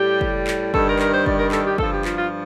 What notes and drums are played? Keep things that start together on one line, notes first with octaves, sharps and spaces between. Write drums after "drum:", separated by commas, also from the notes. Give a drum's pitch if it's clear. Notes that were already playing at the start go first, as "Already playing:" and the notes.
Already playing: A2 G3 G4
drum: kick
drum: clap
G2 D#3 G3 A4, drum: kick
A#4
A#4, drum: clap
C5
D5, drum: kick
A#4
A4, drum: clap
G4
G2 F3 A4, drum: kick
G4
F4, drum: clap
F4